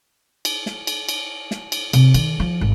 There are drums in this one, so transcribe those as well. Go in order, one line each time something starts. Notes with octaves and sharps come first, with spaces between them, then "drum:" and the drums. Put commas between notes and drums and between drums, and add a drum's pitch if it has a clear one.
drum: cymbal
drum: snare
drum: cymbal
drum: cymbal
drum: snare
drum: cymbal
C3, drum: cymbal
D#3, drum: cymbal
F3
G#1